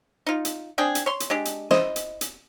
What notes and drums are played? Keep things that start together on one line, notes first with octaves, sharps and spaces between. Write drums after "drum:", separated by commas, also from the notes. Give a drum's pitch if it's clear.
D#4 F4
drum: hi-hat
C4 D4 G#4 G5
drum: hi-hat
C#5 C6
drum: hi-hat
G#3 D4 G4
drum: hi-hat
E4 C5 D#5, drum: snare
drum: hi-hat
drum: hi-hat